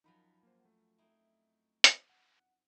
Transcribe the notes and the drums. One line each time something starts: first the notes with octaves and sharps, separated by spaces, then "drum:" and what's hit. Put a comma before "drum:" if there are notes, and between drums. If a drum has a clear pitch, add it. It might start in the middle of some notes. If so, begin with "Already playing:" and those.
F#2 F3 F#3 D#4 B5
A#3 C5
A3
C4 D#4 E4
drum: hi-hat
F#5